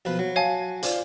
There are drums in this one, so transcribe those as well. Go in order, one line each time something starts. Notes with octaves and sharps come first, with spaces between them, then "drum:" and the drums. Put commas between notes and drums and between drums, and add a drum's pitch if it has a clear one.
B1 F3 B4
F#3
C#5 F5 G#5 A5
F4 C5 D5, drum: hi-hat